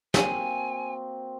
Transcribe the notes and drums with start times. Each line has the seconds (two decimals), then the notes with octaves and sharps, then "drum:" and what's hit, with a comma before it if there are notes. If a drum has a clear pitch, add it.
0.14 A#3 C4 F#4 G#5, drum: snare